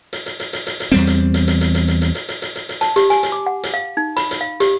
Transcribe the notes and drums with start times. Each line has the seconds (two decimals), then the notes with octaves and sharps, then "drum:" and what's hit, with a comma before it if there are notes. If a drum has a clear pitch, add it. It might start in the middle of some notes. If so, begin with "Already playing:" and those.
0.13 drum: hi-hat
0.26 drum: hi-hat
0.40 drum: hi-hat
0.53 drum: hi-hat
0.67 drum: hi-hat
0.80 drum: hi-hat
0.92 E2 G3 C4, drum: hi-hat
1.07 drum: hi-hat
1.34 drum: hi-hat
1.48 drum: hi-hat
1.61 drum: hi-hat
1.75 drum: hi-hat
1.88 drum: hi-hat
2.02 drum: hi-hat
2.15 drum: hi-hat
2.29 drum: hi-hat
2.42 drum: hi-hat
2.56 drum: hi-hat
2.69 drum: hi-hat
2.81 A5, drum: hi-hat
2.96 G4, drum: hi-hat
3.10 G#5, drum: hi-hat
3.23 drum: hi-hat
3.32 D6
3.46 F#5
3.64 drum: hi-hat
3.74 F5
3.97 D#4
4.16 B5, drum: hi-hat
4.31 drum: hi-hat
4.41 F5
4.60 G4, drum: hi-hat